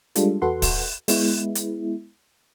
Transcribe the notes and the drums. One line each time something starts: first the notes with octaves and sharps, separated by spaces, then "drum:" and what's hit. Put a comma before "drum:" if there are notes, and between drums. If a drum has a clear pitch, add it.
G3 G#3 D4 F4 A4, drum: hi-hat
E2 F#4 A4 B4 F#5 C6
drum: kick, open hi-hat
G#3 B3 E4, drum: open hi-hat
drum: hi-hat